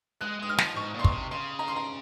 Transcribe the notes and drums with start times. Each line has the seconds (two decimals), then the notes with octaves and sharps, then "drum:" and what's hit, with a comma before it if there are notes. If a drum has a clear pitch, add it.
0.21 G#3 F#6
0.40 G#3 D#6
0.49 F6
0.58 F3, drum: snare
0.76 G#2 C#6
0.94 A#2 C6
1.04 C#6, drum: kick
1.12 C3
1.31 C#3 C6
1.59 A#5
1.68 C6
1.76 A#5